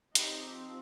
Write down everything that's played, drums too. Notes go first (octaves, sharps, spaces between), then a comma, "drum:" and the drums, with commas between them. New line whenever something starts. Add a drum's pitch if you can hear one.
F3 C4 D#4 G4, drum: hi-hat